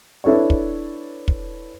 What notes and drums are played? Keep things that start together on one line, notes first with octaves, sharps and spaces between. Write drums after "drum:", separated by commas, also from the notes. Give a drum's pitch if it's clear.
D4 E4 A4 B4 C#5
drum: kick
drum: kick